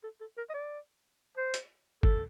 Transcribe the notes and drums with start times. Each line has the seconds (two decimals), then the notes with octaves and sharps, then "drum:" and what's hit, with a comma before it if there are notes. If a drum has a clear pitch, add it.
0.04 A4
0.21 A4
0.38 A#4
0.50 D#5
0.54 D5
1.37 C5
1.54 drum: hi-hat
2.03 A4, drum: kick